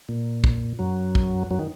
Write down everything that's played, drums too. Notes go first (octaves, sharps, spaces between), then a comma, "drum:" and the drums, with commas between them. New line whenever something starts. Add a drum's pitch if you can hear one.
A#2
drum: kick
F#2 F#3
drum: kick
F#2 F#3
D#3